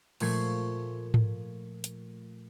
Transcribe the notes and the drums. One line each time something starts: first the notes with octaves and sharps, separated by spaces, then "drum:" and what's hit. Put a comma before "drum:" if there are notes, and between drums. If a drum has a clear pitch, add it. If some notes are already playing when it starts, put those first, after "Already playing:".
A#2 F3 A3 C#6 G#6 C7, drum: cymbal
drum: tom G#2
drum: hi-hat